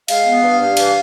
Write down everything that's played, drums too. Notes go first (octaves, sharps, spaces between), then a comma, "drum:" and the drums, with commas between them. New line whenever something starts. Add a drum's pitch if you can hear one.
G#3 F5, drum: cymbal
B3
G2
G2
E3, drum: cymbal